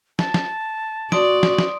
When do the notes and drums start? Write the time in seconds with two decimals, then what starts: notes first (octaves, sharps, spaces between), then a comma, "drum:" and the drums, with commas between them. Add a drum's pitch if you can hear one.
0.19 A5, drum: snare
0.34 drum: snare
1.12 F#4 D5 C6 D#6 D7, drum: snare
1.43 drum: snare
1.58 drum: snare